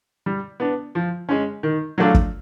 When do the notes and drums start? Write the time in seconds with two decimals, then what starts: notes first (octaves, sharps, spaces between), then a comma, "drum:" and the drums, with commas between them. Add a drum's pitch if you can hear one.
0.26 G3
0.60 B3 D4
0.95 F3
1.29 G#3 C#4
1.63 D#3
1.98 F#3 A3 D4 F4
2.14 drum: kick